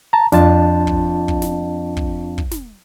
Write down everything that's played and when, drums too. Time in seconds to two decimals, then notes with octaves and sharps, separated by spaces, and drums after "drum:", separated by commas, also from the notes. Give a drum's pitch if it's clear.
0.13 A5 A#5
0.32 F2 D4 F4 A5, drum: snare
0.87 drum: kick
1.28 drum: kick
1.42 drum: snare
1.97 drum: kick
2.38 drum: kick
2.51 drum: snare